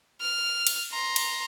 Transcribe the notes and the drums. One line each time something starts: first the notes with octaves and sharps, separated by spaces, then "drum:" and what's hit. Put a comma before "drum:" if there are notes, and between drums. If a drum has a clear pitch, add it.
F6
drum: cymbal
A#5 C6
drum: cymbal